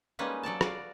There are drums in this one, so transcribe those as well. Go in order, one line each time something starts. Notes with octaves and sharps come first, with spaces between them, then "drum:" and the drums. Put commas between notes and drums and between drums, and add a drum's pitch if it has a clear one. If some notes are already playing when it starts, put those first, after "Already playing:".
G3 G#3 A#3 C#4 D#4 B4
F#3 A4 D5 A5
F#4 D5 F5, drum: rim click